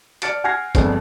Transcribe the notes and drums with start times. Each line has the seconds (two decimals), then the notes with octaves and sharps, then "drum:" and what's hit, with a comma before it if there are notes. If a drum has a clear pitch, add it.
0.22 D5 A5 F6 A6 C#7 D7, drum: hi-hat
0.44 F#5 G#5 F6 G#6 A#6 C7
0.75 G1 F2 G#3 D4 A4, drum: kick G1, hi-hat